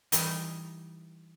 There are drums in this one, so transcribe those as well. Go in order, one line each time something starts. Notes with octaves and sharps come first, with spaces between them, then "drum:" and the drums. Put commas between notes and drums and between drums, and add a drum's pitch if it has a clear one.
E3 G3 D#4, drum: hi-hat